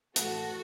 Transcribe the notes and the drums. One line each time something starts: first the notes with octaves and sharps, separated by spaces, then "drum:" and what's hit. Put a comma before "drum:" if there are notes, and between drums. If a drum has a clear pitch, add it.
A2 E3 A3 F#4 A4, drum: hi-hat